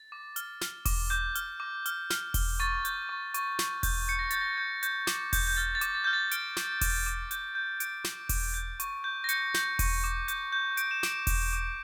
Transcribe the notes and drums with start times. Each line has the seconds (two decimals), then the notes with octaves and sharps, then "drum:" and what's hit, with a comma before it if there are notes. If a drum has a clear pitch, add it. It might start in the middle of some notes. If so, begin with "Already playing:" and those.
Already playing: A6
0.12 D6
0.36 F6, drum: hi-hat
0.61 F6, drum: snare
0.85 D6, drum: kick E1, open hi-hat
1.10 D6 G6
1.35 F6, drum: hi-hat
1.60 D6
1.86 F6, drum: hi-hat
2.10 F6, drum: snare
2.34 F6, drum: kick E1, open hi-hat
2.60 C#6 A6
2.85 G6, drum: hi-hat
3.09 C#6
3.34 C#6, drum: hi-hat
3.59 C#6, drum: snare
3.83 G6, drum: kick E1, open hi-hat
4.08 G6 C#7
4.19 A#6
4.31 G6 A6, drum: hi-hat
4.41 A#6
4.58 G6
4.83 G6, drum: hi-hat
5.07 D6, drum: snare
5.33 G6, drum: kick E1, open hi-hat
5.47 G6
5.56 F6 A6
5.75 A6
5.81 D6, drum: hi-hat
5.95 A6
6.04 F6 G6
6.13 A6
6.31 F6 D7, drum: hi-hat
6.57 D6, drum: snare
6.81 D6, drum: kick E1, open hi-hat
7.06 D6
7.31 G6, drum: hi-hat
7.55 G6
7.80 G6 D7, drum: hi-hat
8.04 D6, drum: snare
8.29 D6, drum: kick E1, open hi-hat
8.54 G6
8.80 C#6, drum: hi-hat
9.04 G6
9.24 A#6
9.29 G6 C#7, drum: hi-hat
9.54 G6, drum: snare
9.79 C#6, drum: kick E1, open hi-hat
10.04 D6
10.28 G6, drum: hi-hat
10.52 G6
10.77 G6 D7, drum: hi-hat
10.91 E7
11.03 D6 D7, drum: snare
11.27 D6, drum: kick E1, open hi-hat
11.53 D6